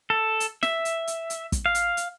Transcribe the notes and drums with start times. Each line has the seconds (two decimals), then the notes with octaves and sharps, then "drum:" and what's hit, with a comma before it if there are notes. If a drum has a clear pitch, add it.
0.10 A4
0.40 drum: hi-hat
0.63 E5, drum: snare
0.85 drum: hi-hat
1.07 drum: hi-hat
1.30 drum: hi-hat
1.52 drum: kick, hi-hat
1.66 F5
1.75 drum: hi-hat
1.97 drum: hi-hat